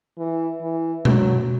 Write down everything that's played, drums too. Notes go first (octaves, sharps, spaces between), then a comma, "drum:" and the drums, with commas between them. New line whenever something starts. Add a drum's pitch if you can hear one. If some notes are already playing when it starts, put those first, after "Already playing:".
E3
E3
F#3, drum: tom B2